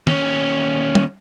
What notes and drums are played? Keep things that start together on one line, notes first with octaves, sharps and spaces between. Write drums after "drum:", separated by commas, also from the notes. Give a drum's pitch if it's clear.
D#2 C#4, drum: tom
drum: tom